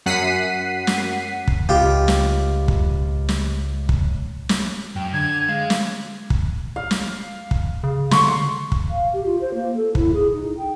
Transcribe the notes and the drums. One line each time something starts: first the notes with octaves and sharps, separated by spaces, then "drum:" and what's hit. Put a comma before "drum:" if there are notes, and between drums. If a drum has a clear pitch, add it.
F#2 F#5 B6 C7 D#7
drum: snare
drum: kick
C#2 F4 G4
drum: snare
drum: kick
drum: snare
drum: kick
drum: snare
F#2 G5
D3 G#6
G#3 F5
drum: snare
drum: kick
F5
drum: snare
drum: kick
C#3
D3 C6 C#6, drum: snare
drum: kick
F5
G4
F4
C5
A#3
A4
E4, drum: kick
G#4
D#4
G5